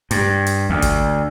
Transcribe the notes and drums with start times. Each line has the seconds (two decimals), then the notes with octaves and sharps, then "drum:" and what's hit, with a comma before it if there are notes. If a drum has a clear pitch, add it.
0.11 G2, drum: hi-hat
0.46 drum: hi-hat
0.70 D2
0.82 drum: kick G1, hi-hat